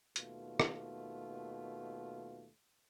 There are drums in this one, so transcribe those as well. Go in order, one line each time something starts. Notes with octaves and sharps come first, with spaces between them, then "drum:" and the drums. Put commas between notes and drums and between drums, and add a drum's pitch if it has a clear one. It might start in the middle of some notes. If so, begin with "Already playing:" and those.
D#2 B2 A3 F4, drum: hi-hat
drum: rim click